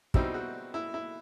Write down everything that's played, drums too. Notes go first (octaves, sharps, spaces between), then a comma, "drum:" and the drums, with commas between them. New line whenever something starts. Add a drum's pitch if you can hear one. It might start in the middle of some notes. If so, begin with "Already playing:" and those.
B2 G3 C4 D#4 E4, drum: kick
F#4
E4
E4